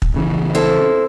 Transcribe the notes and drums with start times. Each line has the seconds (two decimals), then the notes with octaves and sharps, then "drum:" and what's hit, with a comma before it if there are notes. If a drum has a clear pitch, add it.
0.02 drum: kick
0.14 A#1 C#3 E3
0.55 C4 E4 A4